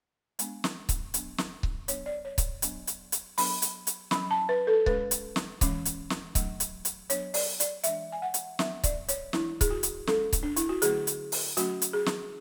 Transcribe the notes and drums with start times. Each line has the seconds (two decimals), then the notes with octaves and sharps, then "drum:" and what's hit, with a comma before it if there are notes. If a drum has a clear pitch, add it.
0.39 G#3 B3 D4, drum: hi-hat
0.64 drum: snare
0.89 drum: kick C#1, hi-hat
1.14 F#3 B3 D4, drum: hi-hat
1.38 drum: snare
1.63 drum: kick C#1
1.88 F#3 B3 D4 C#5, drum: hi-hat
2.06 D5
2.25 C#5
2.38 drum: kick C#1, hi-hat
2.62 F#3 B3 D4, drum: hi-hat
2.87 drum: hi-hat
3.12 drum: hi-hat
3.38 F#3 B3 D4 B5, drum: open hi-hat
3.62 drum: hi-hat
3.87 drum: hi-hat
4.11 F#3 C#4 B5, drum: snare
4.31 A5
4.49 B4
4.67 A4
4.86 G#3 C#4 B4, drum: kick C#1
5.11 drum: hi-hat
5.36 drum: snare
5.61 E3 G#3 C#4, drum: kick C#1, hi-hat
5.85 drum: hi-hat
6.10 drum: snare
6.35 F#3 A3 D4, drum: kick C#1, hi-hat
6.60 drum: hi-hat
6.85 drum: hi-hat
7.10 F#3 B3 D4 C#5, drum: hi-hat
7.34 D5, drum: open hi-hat
7.60 D5, drum: hi-hat
7.84 E3 G#3 D4 E5, drum: hi-hat
8.12 G#5
8.22 F#5
8.34 drum: hi-hat
8.59 F#3 B3 D4 E5, drum: snare
8.84 D5, drum: kick C#1, hi-hat
9.08 C#5, drum: hi-hat
9.33 E3 G#3 D4 E4, drum: snare
9.61 G#4, drum: kick C#1, hi-hat
9.71 F#4
9.83 drum: hi-hat
10.07 G#3 C#4 A4, drum: snare
10.33 drum: kick C#1, hi-hat
10.43 D4
10.56 E4, drum: hi-hat
10.69 F#4
10.82 D3 F#3 A3 C#4 G#4, drum: hi-hat
11.07 drum: hi-hat
11.32 drum: open hi-hat
11.57 F#3 A3 C#4 F#4, drum: hi-hat
11.82 drum: hi-hat
11.93 G#4
12.06 drum: snare